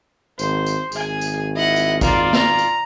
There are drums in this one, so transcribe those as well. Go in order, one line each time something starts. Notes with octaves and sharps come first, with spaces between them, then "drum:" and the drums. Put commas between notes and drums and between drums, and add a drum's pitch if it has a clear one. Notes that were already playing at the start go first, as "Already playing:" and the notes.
G#1 C5, drum: tambourine
drum: tambourine
G#1 G#4 G#5, drum: tambourine
drum: tambourine
E4 D#5 F#5
drum: tambourine
A#3 F4 D5, drum: kick G#1, tambourine
A#5, drum: snare
drum: tambourine